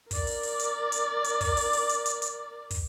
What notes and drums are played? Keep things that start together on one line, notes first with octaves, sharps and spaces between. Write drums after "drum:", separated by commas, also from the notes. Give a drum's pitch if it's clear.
A#4 D5, drum: kick, open hi-hat
drum: open hi-hat
drum: open hi-hat
drum: hi-hat
drum: hi-hat
drum: hi-hat
drum: kick, open hi-hat
drum: open hi-hat
drum: open hi-hat
drum: hi-hat
drum: hi-hat
drum: hi-hat
drum: kick, open hi-hat